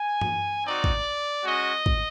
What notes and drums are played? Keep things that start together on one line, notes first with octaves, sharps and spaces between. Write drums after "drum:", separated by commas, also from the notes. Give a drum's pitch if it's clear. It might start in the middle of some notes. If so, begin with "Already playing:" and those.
Already playing: G#5
drum: tom G2
C4 D#4 F#4 D5
drum: kick
G#3 C#4 F#4 D#5
drum: kick